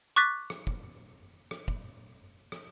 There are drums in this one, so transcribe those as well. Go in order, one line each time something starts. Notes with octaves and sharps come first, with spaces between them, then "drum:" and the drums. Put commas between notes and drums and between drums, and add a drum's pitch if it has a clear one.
C#6 D6 F#6 A6 B6
drum: rim click
drum: kick
drum: rim click
drum: kick
drum: rim click